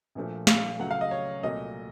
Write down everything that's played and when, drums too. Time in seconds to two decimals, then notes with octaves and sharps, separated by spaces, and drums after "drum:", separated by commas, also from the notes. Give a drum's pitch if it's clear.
0.15 A#1 A#2 F3 A3
0.47 F5, drum: snare
0.79 C#2 C#3 F#3 A3 F#5
0.91 F5
1.01 D#5
1.11 C#5
1.43 C2 A#2 F#3 A3 D#5